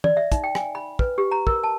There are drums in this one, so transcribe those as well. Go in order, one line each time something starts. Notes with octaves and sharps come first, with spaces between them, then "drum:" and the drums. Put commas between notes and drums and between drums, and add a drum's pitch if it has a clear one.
D5, drum: tom
E5
D#4, drum: kick, hi-hat
G5
G#5, drum: rim click
B5
B4, drum: kick
G4
A#5
A#4, drum: kick
A5